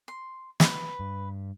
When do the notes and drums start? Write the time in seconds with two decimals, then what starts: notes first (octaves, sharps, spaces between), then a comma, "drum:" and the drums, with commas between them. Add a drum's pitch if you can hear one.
0.08 C6
0.60 B4, drum: snare
1.00 G2